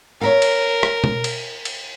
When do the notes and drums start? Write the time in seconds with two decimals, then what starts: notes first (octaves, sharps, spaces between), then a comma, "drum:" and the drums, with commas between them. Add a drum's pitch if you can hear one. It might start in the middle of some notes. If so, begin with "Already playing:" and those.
0.21 A#4 C#5 E5 F5
0.42 drum: cymbal
0.83 drum: rim click
1.04 drum: tom B2
1.24 drum: cymbal
1.65 drum: cymbal